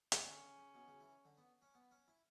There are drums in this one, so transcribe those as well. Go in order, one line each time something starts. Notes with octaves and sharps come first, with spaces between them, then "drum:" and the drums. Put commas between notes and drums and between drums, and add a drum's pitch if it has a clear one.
drum: hi-hat
D3 C#4
C#3
C#3
B2
C#3
E3
D3
B3
C#4
B3
C#4
E4